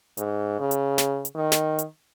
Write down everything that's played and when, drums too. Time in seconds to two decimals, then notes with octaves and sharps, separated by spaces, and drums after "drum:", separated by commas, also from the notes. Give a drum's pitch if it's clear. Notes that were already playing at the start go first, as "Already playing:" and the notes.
0.17 G#2, drum: hi-hat
0.60 C#3
0.71 drum: hi-hat
0.98 drum: snare
1.25 drum: hi-hat
1.35 D#3
1.52 drum: snare
1.79 drum: hi-hat